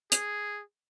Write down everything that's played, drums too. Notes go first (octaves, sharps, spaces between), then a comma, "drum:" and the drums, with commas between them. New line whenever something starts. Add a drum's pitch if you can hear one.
G#4, drum: hi-hat